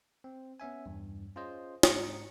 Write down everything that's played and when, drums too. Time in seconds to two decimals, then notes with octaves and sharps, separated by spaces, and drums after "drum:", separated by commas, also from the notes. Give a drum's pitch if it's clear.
0.24 C4
0.60 B3 C#4 E5 G#5
0.86 E2 G2
1.36 C#4 F4 G#4 C5 D#5
1.83 G#2 A#5 C#7, drum: snare